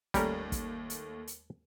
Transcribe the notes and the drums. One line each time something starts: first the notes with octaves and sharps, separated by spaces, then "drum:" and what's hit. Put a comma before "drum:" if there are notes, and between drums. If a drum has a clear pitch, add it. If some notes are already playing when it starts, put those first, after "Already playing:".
D#2 G3 A3 C#4 A#4, drum: kick, hi-hat
drum: kick, hi-hat
drum: hi-hat
drum: hi-hat